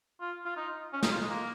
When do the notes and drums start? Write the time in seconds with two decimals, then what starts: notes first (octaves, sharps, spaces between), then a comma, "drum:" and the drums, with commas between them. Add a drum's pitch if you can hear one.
0.21 F4
0.46 F4
0.56 D#4
0.93 C#4
1.03 D#4, drum: snare
1.12 F4
1.22 G#3
1.30 A#3